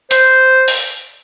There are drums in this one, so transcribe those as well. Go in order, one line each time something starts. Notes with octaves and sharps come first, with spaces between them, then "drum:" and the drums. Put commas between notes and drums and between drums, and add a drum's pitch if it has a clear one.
C5, drum: hi-hat
drum: open hi-hat